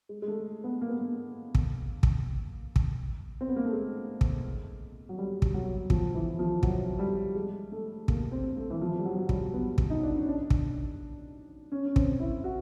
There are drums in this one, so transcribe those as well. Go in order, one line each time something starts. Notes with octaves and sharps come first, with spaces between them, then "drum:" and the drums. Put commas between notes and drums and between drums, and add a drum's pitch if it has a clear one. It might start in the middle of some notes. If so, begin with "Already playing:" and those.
G#3
G#3
A3
B3
A#3
B3
A#3
drum: kick
drum: kick
drum: kick
C4
B3
A#3
A3
G#3
drum: kick
F#3
G3
drum: kick
F#3
F3, drum: kick
E3
F3
F#3, drum: kick
G3
G#3
A3
A#3, drum: kick
C4
A3
E3
F3
G3
F#3
F#3
G3, drum: kick
B3
drum: kick
D#4
D4
C#4
D4
drum: kick
C#4
C#4
C4, drum: kick
E4
F#4